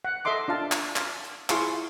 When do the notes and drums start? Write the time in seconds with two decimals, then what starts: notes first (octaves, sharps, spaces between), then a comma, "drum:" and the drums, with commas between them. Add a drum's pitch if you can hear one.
0.05 F#5
0.25 A4 D#5 E5 C6 D6
0.48 D4 F4 F5 A5
0.72 drum: clap
0.96 F5, drum: clap
1.24 drum: hi-hat
1.50 E4 F4 G#4 F5 C6 C#6, drum: clap